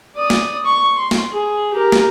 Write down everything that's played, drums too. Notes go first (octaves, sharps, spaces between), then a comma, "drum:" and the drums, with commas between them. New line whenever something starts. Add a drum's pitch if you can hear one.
D5 D#6
drum: snare
C#6
C6
drum: snare
G#4
G4 A#4
drum: snare